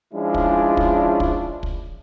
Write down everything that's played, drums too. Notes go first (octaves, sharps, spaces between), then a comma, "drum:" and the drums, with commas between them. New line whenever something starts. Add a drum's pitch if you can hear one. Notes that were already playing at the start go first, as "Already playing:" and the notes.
F3 G#3 C#4 D4 E4 F4
drum: kick
drum: kick
drum: kick
drum: kick